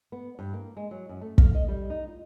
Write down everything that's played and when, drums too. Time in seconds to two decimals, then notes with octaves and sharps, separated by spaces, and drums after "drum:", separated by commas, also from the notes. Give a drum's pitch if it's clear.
0.12 B3
0.39 G2
0.54 A#3
0.77 G#3
0.91 F#3
1.09 F#2
1.21 A3
1.38 F5, drum: kick
1.55 D#5
1.68 G3
1.90 D#4
2.07 F4